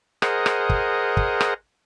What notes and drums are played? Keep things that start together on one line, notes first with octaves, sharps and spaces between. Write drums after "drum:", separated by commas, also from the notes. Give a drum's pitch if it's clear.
G#4 A#4 C5 D#5 F#5, drum: rim click
drum: rim click
drum: kick
drum: kick
drum: rim click